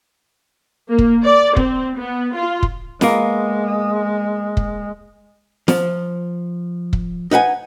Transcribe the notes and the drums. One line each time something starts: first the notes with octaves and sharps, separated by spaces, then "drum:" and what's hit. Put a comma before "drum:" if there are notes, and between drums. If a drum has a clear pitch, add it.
A#3
drum: kick
D5
C4, drum: kick
B3
F4
drum: kick
G#3 A#3 B3, drum: snare
drum: kick
F3, drum: snare
drum: kick
D#4 B4 F#5 G#5